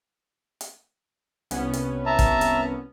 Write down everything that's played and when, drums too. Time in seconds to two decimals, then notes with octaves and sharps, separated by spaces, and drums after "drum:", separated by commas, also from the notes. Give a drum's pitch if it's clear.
0.61 drum: hi-hat
1.51 C2 B3 C#4, drum: hi-hat
1.73 drum: hi-hat
2.06 E5 A5 A#5
2.19 drum: kick, hi-hat
2.41 drum: hi-hat